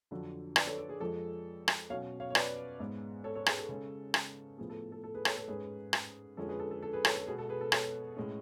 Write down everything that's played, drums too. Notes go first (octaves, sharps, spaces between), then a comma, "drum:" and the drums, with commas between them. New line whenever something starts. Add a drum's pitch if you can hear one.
F2 D3 F#3
B4 D5, drum: rim click
A4 C#5
A4
G#4
F2 F3 G#3 A4
drum: rim click
B2 F#3 C#4 C#5 F5
C#5 F5
C#5
B4 D5, drum: rim click
G#2 G#3 B3
A4 C#5
A4 C#5
G#4 B4, drum: rim click
A4
C#3 G#3 C#4
drum: rim click
A2 F3 B3 G#4
A4
A4
A4
G#4 B4
A4 C#5, drum: rim click
A4 C#5
G#2 G#3 C#4 G#4 B4
drum: rim click
F2 D3 F3 G#3 C#4 A4
G#4 B4
A4
A4
A4
G#4 B4
A4 C#5, drum: rim click
A4
B2 G#3 B3 G#4
A4
G#4 B4
A4
A4 C#5, drum: rim click
A2 G#3 C#4